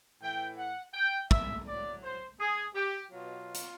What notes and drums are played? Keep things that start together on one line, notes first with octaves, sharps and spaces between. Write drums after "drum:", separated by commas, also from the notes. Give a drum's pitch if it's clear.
A2 E3 G5
F#5
G5
E5, drum: kick
A2 F#3 D5
C5
G#4
G4
B2 F#3 F4
drum: hi-hat